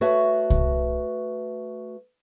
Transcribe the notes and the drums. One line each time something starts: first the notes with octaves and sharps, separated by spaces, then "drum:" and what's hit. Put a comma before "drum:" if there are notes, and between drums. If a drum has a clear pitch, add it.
A3 F#4 B4 C#5 E5
drum: kick C2